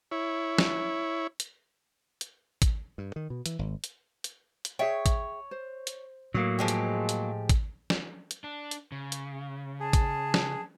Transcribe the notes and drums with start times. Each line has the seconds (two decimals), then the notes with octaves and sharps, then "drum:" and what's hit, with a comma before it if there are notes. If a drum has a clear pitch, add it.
0.11 E4 C#5
0.58 drum: snare
1.40 drum: hi-hat
2.21 drum: hi-hat
2.62 drum: kick, hi-hat
2.98 G2
3.16 D#3
3.30 B2
3.46 E3, drum: hi-hat
3.59 G#1
3.84 drum: hi-hat
4.24 drum: hi-hat
4.65 drum: hi-hat
4.79 G#4 C#5 E5 G5
5.06 drum: kick, hi-hat
5.51 C5
5.87 drum: hi-hat
6.35 A2 F#3 A#3
6.59 F3 G#3 G4
6.68 drum: hi-hat
7.09 drum: hi-hat
7.49 drum: kick, hi-hat
7.90 drum: snare
8.31 drum: hi-hat
8.44 D4
8.71 drum: hi-hat
8.92 C#3
9.12 drum: hi-hat
9.80 G#4 A5
9.93 drum: kick, hi-hat
10.34 drum: snare